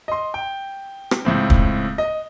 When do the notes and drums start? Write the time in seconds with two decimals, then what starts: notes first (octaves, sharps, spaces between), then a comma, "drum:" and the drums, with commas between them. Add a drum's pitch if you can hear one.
0.08 D#5 C6
0.34 G5
1.11 drum: rim click
1.25 C#2 A2 C4
1.50 drum: kick
1.98 D#5